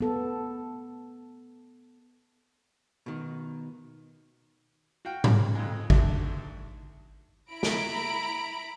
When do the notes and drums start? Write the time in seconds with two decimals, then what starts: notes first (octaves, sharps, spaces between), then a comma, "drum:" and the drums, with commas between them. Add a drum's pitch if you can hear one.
0.01 B3 A4
3.06 B2 D#3
5.05 F#4 F5 G5
5.24 drum: tom G#2
5.55 F2 G#2 G#3
5.90 D2 G#2 D4 E5, drum: kick G#1
7.51 E4 A#5 B5 D7
7.63 drum: snare